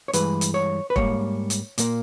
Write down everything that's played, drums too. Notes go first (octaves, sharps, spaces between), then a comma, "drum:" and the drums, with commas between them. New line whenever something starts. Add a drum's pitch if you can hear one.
C#5
G2 E3 G#3 B4, drum: hi-hat
drum: hi-hat
C#5
B4
G#2 G3 A#3 C#5, drum: kick
drum: hi-hat
A#2 A#3, drum: hi-hat